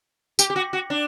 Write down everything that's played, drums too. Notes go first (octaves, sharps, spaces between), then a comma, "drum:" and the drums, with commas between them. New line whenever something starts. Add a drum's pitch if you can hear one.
G4, drum: tambourine
G4
F#4
F#4
D4